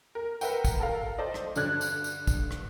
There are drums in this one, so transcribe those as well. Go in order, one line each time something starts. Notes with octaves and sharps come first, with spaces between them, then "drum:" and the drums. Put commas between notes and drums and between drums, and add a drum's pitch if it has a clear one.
A#4
A#4 B4 E5 F#5 G5, drum: tambourine
drum: kick, tambourine
A4 A#4 F5
A4 C5 D5 D#5
drum: rim click
G2 D3 D5 F#6 G#6, drum: tambourine
drum: tambourine
drum: tambourine
drum: kick, tambourine
drum: rim click